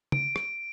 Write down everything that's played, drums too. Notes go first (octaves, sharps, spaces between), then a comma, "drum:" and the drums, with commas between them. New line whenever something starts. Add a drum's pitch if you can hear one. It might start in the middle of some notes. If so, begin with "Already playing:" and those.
D7, drum: tom
drum: rim click